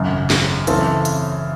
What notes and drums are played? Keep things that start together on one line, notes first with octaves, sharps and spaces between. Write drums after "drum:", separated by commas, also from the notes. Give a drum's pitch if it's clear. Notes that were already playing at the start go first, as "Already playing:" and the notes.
Already playing: G#1 F#2 C#3
drum: snare
C#3 E3 C4 E4 A4, drum: hi-hat
drum: hi-hat